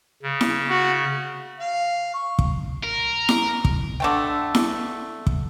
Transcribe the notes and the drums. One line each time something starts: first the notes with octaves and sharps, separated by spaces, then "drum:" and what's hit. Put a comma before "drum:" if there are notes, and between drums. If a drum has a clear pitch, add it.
C#3
drum: snare E4
F#4
F5
C#6
drum: kick
A#4
drum: snare E4
drum: kick
D3 A3 G5
drum: snare E4
drum: kick